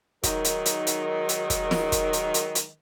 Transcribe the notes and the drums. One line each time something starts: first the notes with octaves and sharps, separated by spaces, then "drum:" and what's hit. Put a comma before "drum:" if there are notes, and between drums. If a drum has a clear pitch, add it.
D#3 F#3 G#3 D#4 A#4, drum: kick, hi-hat
drum: hi-hat
drum: hi-hat
drum: hi-hat
drum: hi-hat
drum: kick, hi-hat
drum: snare
drum: kick, hi-hat
drum: hi-hat
drum: hi-hat
drum: hi-hat